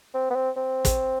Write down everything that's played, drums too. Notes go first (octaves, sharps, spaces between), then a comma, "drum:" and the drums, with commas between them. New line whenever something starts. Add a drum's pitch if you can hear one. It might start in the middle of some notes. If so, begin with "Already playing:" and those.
C4
B3
C4
C4
drum: kick, hi-hat